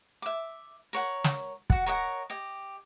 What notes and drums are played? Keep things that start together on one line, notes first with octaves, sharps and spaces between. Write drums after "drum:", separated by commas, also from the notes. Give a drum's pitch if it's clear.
E5 D6
A#4 C#5 F#5
drum: snare
F#4 F#5, drum: kick
A#4 C#5 D#5 F#5
G4 D#5